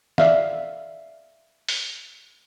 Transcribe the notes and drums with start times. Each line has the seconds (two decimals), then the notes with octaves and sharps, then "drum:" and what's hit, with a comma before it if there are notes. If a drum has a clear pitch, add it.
0.18 D5 E5 F5, drum: snare
1.69 drum: open hi-hat